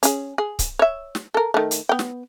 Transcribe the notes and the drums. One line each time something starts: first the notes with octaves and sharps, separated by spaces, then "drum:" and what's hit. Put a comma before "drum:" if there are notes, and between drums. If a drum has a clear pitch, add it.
C#4 G#4, drum: hi-hat
G#4
drum: kick C#1, hi-hat
C#5 E5
drum: snare
A4 A#4
D#3 A3
drum: hi-hat
B3 G5
drum: snare